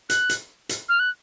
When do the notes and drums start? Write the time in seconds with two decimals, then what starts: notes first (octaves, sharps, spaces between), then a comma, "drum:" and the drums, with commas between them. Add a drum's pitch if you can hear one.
0.10 F#6, drum: hi-hat
0.29 drum: hi-hat
0.69 drum: hi-hat
0.89 F6
1.00 F#6